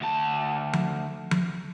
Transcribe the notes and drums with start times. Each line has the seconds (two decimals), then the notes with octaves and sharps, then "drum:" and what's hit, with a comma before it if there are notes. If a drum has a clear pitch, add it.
0.01 D2 A5
0.73 drum: tom F3
1.31 drum: tom F3